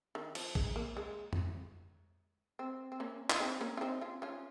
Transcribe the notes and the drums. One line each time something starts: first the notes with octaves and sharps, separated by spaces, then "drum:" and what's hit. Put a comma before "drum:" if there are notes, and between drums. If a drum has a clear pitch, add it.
D#3
F3, drum: cymbal
G#3, drum: kick
A#3
G#3
drum: tom F2
C4
C4
A#3 C#4
F4, drum: clap
C4 D#4
A#3 C#4
F4
C4 D#4
C#4 F4
C#4 F4